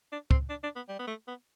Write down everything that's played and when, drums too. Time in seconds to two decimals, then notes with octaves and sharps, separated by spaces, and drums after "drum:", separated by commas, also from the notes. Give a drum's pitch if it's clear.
0.12 D4
0.31 C4, drum: kick
0.50 D4
0.63 D4
0.76 B3
0.88 G3
0.99 B3
1.07 A3
1.28 B3